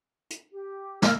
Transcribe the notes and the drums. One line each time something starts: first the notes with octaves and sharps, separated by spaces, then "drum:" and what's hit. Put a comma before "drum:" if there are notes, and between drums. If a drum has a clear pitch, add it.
drum: hi-hat
G4
A#3 F5 E6 F6, drum: snare